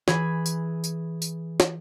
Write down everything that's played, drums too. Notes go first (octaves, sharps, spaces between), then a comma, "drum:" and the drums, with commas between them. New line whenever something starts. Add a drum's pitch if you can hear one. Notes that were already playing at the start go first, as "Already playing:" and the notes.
E3 G#4 B5 G#6, drum: snare
drum: tambourine
drum: tambourine
drum: tambourine
drum: snare